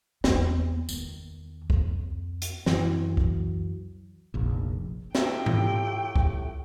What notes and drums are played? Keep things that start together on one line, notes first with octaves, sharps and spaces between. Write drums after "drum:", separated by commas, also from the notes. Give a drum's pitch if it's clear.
E2 B3, drum: snare
E2 D#3, drum: tambourine
F2, drum: kick
drum: hi-hat
F#2 E3 F#3, drum: snare
drum: kick
F1 A#1
A2 F4 G4 E5 G5 A#5, drum: snare
drum: tom G#2
drum: kick